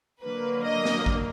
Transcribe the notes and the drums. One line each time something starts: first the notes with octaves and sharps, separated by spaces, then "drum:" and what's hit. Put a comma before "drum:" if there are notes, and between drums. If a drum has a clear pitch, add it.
D3 F#3 A#3 B4
D#5
drum: snare
drum: kick A1